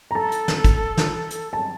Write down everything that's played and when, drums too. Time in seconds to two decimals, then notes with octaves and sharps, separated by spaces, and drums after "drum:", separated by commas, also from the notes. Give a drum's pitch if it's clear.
0.11 A#5
0.15 A4 A5
0.32 drum: hi-hat
0.48 drum: snare
0.64 drum: kick, hi-hat
0.97 drum: snare
1.30 drum: hi-hat
1.53 A5